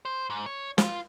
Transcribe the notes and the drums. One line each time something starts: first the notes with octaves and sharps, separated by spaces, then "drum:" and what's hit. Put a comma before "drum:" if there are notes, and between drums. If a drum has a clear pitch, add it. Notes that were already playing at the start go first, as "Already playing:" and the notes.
C5
G#2
C#5
F4, drum: snare